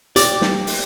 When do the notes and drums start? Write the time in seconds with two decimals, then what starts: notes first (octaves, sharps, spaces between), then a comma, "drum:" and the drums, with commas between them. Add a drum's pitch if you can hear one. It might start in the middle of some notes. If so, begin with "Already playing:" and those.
0.16 G4 D5, drum: hi-hat
0.41 drum: snare
0.67 drum: open hi-hat